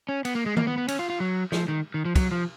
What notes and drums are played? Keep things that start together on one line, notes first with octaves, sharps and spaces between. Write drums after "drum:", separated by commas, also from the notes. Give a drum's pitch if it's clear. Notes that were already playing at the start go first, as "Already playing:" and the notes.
C#4
B3, drum: cymbal
A#3
G#3
A#3, drum: tom D#3
B3
B3
C#4, drum: cymbal
F4
F4
F#3
F3, drum: snare
D#3
D#3
F3
F#3, drum: kick, cymbal
F3